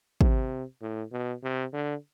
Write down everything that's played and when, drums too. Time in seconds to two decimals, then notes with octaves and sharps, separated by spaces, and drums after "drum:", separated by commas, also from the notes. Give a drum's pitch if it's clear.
0.21 C3, drum: kick
0.82 A2
1.12 B2
1.43 C3
1.73 D3